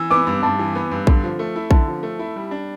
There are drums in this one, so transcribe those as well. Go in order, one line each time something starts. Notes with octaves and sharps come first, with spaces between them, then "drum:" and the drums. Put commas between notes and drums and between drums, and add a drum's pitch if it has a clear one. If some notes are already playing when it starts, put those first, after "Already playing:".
Already playing: E3 E6
B3 D6
G2
G2 A5
E3
B3
G2
D3, drum: kick A#1
F3
A3
E4
D3 A5, drum: kick A#1
F3
A3
E4
G3
D4